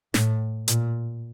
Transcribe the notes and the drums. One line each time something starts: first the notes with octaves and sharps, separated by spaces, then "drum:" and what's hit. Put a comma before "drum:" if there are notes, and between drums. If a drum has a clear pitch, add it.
A2, drum: snare
A#2, drum: hi-hat